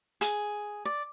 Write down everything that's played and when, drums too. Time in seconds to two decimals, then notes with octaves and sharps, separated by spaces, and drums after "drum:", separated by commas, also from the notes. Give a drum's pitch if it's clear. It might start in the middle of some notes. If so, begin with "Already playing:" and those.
0.21 G#4, drum: hi-hat
0.85 D5